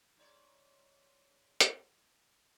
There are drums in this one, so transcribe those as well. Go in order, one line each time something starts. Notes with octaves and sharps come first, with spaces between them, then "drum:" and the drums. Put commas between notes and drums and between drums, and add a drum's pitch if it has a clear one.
G#2 C#5 D5
drum: hi-hat